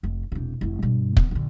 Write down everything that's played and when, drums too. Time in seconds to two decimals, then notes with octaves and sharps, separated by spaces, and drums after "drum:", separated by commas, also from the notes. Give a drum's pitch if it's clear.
0.03 F1
0.32 E1 C3
0.61 F1 E4
0.82 G2 B2
1.17 D#3 B3, drum: kick
1.31 A#1 D3